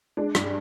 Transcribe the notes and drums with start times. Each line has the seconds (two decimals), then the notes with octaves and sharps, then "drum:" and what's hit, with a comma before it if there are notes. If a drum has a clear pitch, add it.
0.17 G#3 D4
0.35 G2, drum: rim click